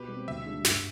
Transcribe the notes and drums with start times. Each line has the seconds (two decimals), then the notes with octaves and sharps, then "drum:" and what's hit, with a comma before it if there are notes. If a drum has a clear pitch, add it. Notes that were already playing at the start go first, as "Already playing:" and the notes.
Already playing: B2 G4 B4
0.08 G3 C4
0.27 D2 E5
0.46 D3 G3 D4
0.65 G2, drum: snare